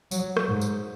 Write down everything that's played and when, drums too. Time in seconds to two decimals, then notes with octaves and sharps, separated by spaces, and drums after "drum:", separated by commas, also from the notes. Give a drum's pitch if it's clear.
0.11 F#3, drum: tambourine
0.37 drum: rim click
0.48 G#2
0.61 drum: tambourine